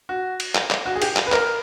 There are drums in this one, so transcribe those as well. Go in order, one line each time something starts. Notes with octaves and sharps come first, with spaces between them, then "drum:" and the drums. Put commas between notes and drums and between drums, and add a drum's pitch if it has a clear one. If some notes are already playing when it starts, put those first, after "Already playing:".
F#4
drum: cymbal
drum: clap
drum: clap
F#4
G#4
G4, drum: cymbal
drum: clap
B4
A#4, drum: clap